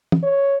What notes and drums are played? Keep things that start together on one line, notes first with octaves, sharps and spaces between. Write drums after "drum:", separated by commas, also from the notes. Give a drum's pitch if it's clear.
drum: tom
C#5